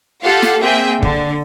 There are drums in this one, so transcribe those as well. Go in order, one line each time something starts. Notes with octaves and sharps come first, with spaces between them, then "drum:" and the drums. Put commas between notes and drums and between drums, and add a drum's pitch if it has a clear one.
F4 G4 A4 F5 F#5
drum: snare
A#3 C4 G#4 E5 G5
D3, drum: kick